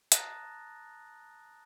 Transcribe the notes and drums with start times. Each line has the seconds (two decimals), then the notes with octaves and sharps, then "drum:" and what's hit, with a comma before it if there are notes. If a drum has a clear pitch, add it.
0.12 A5 A#5 D#6 F#6 A6 A#6, drum: hi-hat